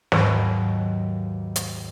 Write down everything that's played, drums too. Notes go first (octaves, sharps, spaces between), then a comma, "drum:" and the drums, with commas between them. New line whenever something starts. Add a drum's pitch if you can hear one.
D#2 G#2 F#3 A#4 B4 D#5, drum: snare
drum: hi-hat